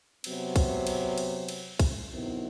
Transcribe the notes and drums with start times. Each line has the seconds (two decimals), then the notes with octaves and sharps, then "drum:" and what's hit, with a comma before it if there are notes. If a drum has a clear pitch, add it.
0.24 C3 F#3 B3, drum: cymbal
0.56 drum: kick, cymbal
0.87 drum: cymbal
1.18 drum: cymbal
1.49 drum: cymbal
1.80 drum: kick, cymbal
2.11 C3 D#3 F#3 B3 E4